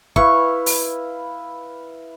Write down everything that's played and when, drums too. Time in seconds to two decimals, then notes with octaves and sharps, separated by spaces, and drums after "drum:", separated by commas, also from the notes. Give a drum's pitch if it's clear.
0.16 E4 B4 F5 C#6, drum: kick
0.66 drum: open hi-hat